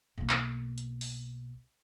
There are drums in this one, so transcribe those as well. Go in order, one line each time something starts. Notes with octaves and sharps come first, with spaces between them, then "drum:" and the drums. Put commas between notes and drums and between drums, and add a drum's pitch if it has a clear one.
B1 A#3
drum: clap
drum: hi-hat
drum: open hi-hat